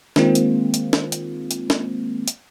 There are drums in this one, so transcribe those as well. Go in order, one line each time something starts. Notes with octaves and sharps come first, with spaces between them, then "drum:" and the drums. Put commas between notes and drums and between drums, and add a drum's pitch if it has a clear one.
D#3 G#3 A#3 C4 F4, drum: snare
drum: hi-hat
drum: hi-hat
drum: snare
drum: hi-hat
drum: hi-hat
drum: snare
drum: hi-hat